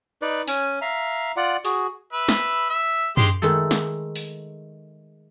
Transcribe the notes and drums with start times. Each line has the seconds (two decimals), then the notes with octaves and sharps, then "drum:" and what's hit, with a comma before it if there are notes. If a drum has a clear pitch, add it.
0.22 D#4 B4 D5
0.48 C#4 G#5, drum: open hi-hat
0.82 E5 F5 A#5
1.36 F4 D5 F#5
1.65 F#4 G#4, drum: open hi-hat
2.13 B4 E5
2.29 drum: snare
2.70 E5
3.17 G#3 G4 C6, drum: tom F#2
3.42 D#3 G#3 A3 A4
3.71 drum: snare
4.16 drum: open hi-hat